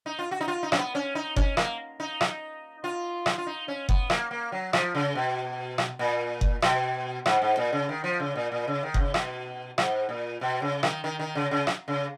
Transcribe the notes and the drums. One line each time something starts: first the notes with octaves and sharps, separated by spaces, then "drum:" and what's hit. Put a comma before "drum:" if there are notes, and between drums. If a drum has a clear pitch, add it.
D#4
F4
F#4
D#4
F4
D#4
C#4, drum: rim click
B3
C#4
D#4
C#4, drum: kick F#1
A#3, drum: rim click
D#4
drum: rim click
F4
drum: rim click
F4
D#4
C#4
B3, drum: kick F#1
A#3, drum: rim click
A#3
F#3
F3, drum: rim click
C#3
B2
drum: rim click
A#2
drum: kick F#1
B2, drum: rim click
G#2, drum: rim click
G#2
A#2
C#3
D#3
F3
C#3
A#2
A#2
C#3
D#3
B2, drum: kick F#1
C#3
B2, drum: rim click
G#2, drum: rim click
A#2
B2
C#3
D#3, drum: rim click
D#3
D#3
C#3
C#3
drum: rim click
C#3